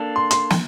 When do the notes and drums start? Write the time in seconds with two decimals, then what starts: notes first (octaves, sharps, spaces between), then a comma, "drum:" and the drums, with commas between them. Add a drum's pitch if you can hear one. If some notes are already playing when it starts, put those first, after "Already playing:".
Already playing: A#3 D4 A4
0.16 C6
0.31 C6, drum: hi-hat
0.50 drum: snare